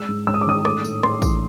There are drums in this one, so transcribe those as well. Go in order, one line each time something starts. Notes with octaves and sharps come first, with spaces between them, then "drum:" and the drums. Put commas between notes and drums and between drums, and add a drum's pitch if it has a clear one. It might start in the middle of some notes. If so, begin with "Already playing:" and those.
Already playing: G#3 E6
G#2
G#2 E6
D#6
D6
D#3 D#6
A3 D6, drum: rim click
A2, drum: tambourine
A2 C6, drum: rim click
E3, drum: kick, tambourine